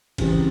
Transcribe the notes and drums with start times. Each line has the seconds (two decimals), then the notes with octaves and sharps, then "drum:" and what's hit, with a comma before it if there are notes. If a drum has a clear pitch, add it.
0.18 C#3 E3 G3 C4, drum: kick G#1, cymbal